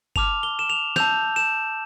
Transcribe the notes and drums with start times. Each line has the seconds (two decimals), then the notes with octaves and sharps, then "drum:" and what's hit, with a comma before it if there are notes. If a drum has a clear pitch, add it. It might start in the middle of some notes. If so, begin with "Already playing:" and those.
0.16 A5 D6 F6 F7, drum: kick G1
0.43 G7
0.59 E7
0.70 F7
0.96 A5 E6 G6 F7, drum: snare
1.36 E7